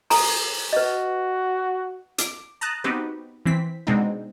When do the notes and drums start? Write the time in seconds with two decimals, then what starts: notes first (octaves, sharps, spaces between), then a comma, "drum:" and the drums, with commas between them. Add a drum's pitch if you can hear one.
0.10 A4 G#5 A#5, drum: open hi-hat
0.73 F#4 B4 D#5
2.18 D6, drum: hi-hat
2.61 A5 A#5 D#6 F#6
2.84 B3 C4 D#4 F#4 G4 B4
3.46 E3 C4 B6
3.87 B2 G#3 C4 D4 D#4